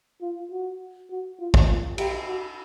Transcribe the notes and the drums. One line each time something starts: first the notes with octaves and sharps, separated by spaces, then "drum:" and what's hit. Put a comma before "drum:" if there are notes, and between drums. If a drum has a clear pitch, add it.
F4
F#4
F#4
F4
drum: kick
F4
G4, drum: cymbal
F#4